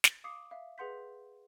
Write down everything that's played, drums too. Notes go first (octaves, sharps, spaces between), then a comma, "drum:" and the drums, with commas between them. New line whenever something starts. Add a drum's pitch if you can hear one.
drum: snare
F5 D6 D#6 C7 C#7
E5 F5
G#4 B4 F#5 C6 G6 B6